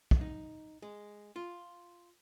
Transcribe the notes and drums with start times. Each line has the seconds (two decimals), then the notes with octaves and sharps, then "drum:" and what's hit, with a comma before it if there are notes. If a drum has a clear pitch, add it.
0.11 drum: kick
0.21 D#4
0.82 G#3
1.36 F4